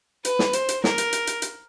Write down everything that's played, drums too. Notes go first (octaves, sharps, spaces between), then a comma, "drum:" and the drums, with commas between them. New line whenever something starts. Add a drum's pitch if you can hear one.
B4, drum: hi-hat
drum: snare
C5, drum: hi-hat
drum: hi-hat
A#4, drum: snare
drum: hi-hat
drum: hi-hat
drum: hi-hat
drum: hi-hat